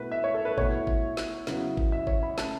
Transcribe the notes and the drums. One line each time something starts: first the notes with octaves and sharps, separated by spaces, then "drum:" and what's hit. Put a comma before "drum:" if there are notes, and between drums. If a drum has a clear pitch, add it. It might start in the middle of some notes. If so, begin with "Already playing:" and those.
Already playing: B2 A3 E4 B4
E5
C#5
A4
B4
B2 A3 E4 C#5, drum: kick G1
drum: kick G1
drum: snare
C#3 F#3 B3 E4, drum: snare
drum: kick G1
E5
C#5, drum: kick G1
B5
C#3 A3 C#4 A5, drum: snare